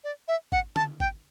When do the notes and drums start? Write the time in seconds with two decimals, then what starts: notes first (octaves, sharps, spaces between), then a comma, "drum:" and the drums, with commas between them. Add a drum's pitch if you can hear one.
0.04 D5
0.28 E5
0.52 F#5, drum: kick G#1
0.76 A5, drum: tom D3
1.00 G5, drum: kick G#1